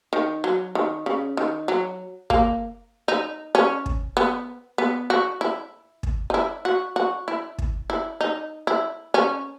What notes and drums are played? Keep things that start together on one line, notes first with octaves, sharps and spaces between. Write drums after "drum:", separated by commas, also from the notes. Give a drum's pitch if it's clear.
D#3
F#3
D#3
C#3
D#3
F#3
A#3, drum: kick
D#4
C#4
drum: kick
B3
B3
F#4
E4
drum: kick
D#4
E4
F#4
F#4
E4
drum: kick
E4
D#4
E4
C#4